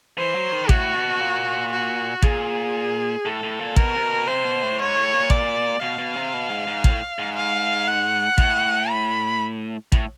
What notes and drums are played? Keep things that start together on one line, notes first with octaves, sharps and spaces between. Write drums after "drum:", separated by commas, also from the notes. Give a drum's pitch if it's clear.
E3 C5
F#3
D#3
A2 F#4, drum: kick
B2
A#2
F#4
A#2 G#4, drum: kick
A2 A4
A2
A#2
B2 A#4, drum: kick
C3
B2
C3 C5
B2
A2
G#2 C#5
A2
A#2
D5, drum: kick
B2 F5
B2
C3
B2
G#2
G#2
A2, drum: kick
G#2
F5
F#5
A2, drum: kick
B5
A2, drum: kick